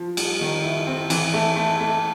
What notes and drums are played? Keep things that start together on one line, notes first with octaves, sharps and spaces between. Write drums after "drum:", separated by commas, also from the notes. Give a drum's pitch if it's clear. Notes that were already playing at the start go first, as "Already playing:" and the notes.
Already playing: F3
G3, drum: cymbal
D#3
E4
C4
E3, drum: cymbal
A3
A3
A3